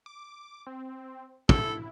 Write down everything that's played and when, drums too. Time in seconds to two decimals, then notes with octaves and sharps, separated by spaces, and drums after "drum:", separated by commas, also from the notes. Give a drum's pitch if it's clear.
0.06 D6
0.67 C4
1.49 E4 A4, drum: kick